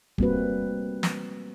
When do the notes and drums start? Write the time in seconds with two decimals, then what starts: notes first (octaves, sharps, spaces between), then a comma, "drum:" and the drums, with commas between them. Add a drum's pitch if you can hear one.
0.18 G3 A3 A#3 C4 F#4 B4, drum: kick
1.03 drum: snare